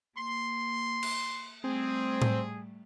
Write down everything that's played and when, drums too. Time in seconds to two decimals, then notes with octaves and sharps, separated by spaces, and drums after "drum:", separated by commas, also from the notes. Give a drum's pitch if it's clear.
0.17 A#3 C6
1.03 drum: cymbal
1.64 G3 A3 C4 G#4
2.22 drum: tom A2